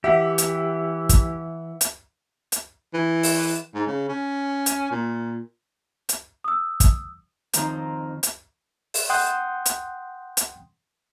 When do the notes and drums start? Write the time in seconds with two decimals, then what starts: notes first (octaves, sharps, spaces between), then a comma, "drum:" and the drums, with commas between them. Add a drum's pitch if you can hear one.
0.04 E3 G4 E5 F#5
0.38 drum: hi-hat
1.09 drum: kick, hi-hat
1.81 drum: hi-hat
2.52 drum: hi-hat
2.94 E3
3.23 drum: open hi-hat
3.74 G#2
3.87 C#3
4.09 C#4
4.66 drum: hi-hat
4.91 A#2
6.09 drum: hi-hat
6.44 D#6 E6
6.80 drum: kick, hi-hat
7.53 F2 D#3 D#4 C5, drum: hi-hat
8.23 drum: hi-hat
8.94 drum: open hi-hat
9.10 F#5 G5 C6 D#6 F#6 G6
9.66 drum: hi-hat
10.37 drum: hi-hat